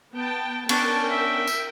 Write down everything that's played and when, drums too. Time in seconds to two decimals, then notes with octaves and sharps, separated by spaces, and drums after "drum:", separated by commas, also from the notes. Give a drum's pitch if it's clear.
0.13 B3 G5 A5
0.69 B3 C#4 D4 A#4 G5 A5, drum: cymbal
1.10 E5
1.47 drum: tambourine